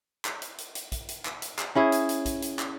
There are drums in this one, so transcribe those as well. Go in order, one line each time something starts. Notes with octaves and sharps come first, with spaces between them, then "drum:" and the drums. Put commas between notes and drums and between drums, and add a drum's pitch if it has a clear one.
drum: clap
drum: hi-hat
drum: hi-hat
drum: hi-hat
drum: kick A#1, hi-hat
drum: hi-hat
drum: clap
drum: hi-hat
drum: clap
C#4 E4 G#4
drum: hi-hat
drum: hi-hat
drum: kick A#1, hi-hat
drum: hi-hat
drum: clap